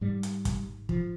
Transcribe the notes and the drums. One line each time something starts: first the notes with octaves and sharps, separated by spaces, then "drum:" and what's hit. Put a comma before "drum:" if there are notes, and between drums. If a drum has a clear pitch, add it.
G#2 G3
drum: hi-hat
drum: kick, hi-hat
F3, drum: kick